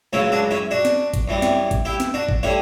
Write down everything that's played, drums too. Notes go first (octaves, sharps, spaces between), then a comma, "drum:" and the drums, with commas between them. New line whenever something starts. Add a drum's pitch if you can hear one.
C#2 C#3 F#3 C#4 E4
D4 F#4
C#4 E4
D4 F#4
drum: snare
drum: kick G#1, hi-hat
F#2 E3 G3
drum: snare
drum: kick G#1, hi-hat
E4 G4
drum: snare
D4 F#4
drum: kick G#1
D3 G3 C#4 E4